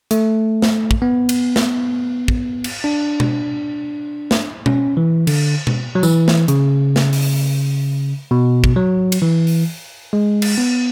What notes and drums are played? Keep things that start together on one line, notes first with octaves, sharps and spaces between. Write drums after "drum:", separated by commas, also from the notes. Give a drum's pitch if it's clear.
A3, drum: hi-hat
drum: snare
drum: kick
B3
drum: cymbal
drum: snare
drum: kick
drum: cymbal
D4
drum: tom B2
drum: snare
C#4, drum: tom B2
E3
D3, drum: cymbal
drum: tom B2
F#3
E3, drum: tambourine
drum: snare
C#3, drum: hi-hat
drum: snare
drum: open hi-hat
B2
drum: kick
F#3
drum: cymbal
E3
drum: open hi-hat
G#3
drum: cymbal
B3